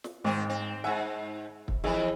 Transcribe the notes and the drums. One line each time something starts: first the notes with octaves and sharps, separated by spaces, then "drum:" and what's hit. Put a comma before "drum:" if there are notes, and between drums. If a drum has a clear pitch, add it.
drum: snare
G#2 D#3 C4
C4
G#2 E5 F#5 G#5
drum: kick
F2 E3 E4 G#4